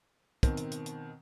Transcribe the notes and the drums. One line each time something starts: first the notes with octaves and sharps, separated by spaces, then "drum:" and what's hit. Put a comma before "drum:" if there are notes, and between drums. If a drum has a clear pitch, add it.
B2 D#3 C4, drum: kick, hi-hat
drum: hi-hat
drum: hi-hat
drum: hi-hat